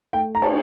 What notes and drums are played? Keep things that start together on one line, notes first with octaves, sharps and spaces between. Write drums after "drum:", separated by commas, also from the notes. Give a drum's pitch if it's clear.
A3 G5
A#5
A5, drum: cymbal